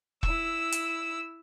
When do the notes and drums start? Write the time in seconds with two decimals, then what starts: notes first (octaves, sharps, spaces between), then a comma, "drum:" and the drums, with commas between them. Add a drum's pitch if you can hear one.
0.23 E4 E6, drum: kick E1
0.72 drum: hi-hat